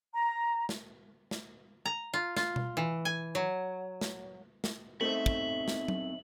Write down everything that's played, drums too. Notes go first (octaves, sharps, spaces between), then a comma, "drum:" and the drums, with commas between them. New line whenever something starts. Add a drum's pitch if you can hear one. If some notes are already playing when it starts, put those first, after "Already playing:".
A#5
drum: snare
drum: snare
A#5
F4
F4, drum: snare
drum: tom B2
E3
G#5
F#3
drum: snare
drum: snare
B2 A3 C4 D#4 C5 E5 F#7
drum: kick
drum: snare
drum: tom F#3